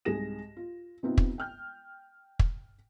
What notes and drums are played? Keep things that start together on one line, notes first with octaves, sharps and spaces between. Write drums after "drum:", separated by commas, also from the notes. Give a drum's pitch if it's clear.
C2 G#2 G#4 A#6 E7
F4
C3 B3 C4 D#4 F4
drum: kick
G5 F6 G6
drum: kick